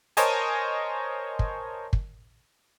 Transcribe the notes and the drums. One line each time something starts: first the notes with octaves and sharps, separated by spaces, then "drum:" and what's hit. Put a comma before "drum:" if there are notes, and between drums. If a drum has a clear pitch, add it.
A#4 C5 C#5 D#5 G#5 A5, drum: hi-hat
drum: kick
drum: kick